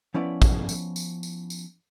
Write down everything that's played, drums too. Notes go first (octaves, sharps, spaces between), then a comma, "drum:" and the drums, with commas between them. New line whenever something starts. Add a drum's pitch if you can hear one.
F3 B3 C#4 E4 B4 D5
drum: kick, tambourine
drum: tambourine
drum: tambourine
drum: tambourine
drum: tambourine